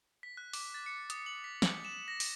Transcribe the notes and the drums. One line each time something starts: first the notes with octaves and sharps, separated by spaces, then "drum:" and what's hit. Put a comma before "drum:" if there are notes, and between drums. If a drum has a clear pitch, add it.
B6
F#6
D6, drum: open hi-hat
A6
C#7
D#6, drum: hi-hat
F#7
B6
F#7, drum: snare
E7
A#6
drum: open hi-hat